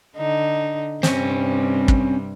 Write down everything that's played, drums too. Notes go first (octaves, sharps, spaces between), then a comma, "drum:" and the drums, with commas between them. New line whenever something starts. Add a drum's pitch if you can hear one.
D3 D#4
G2 C3 G3 C4 C#4, drum: snare
drum: kick